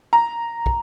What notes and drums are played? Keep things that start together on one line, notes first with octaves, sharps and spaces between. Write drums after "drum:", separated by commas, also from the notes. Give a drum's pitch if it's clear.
A#5
drum: kick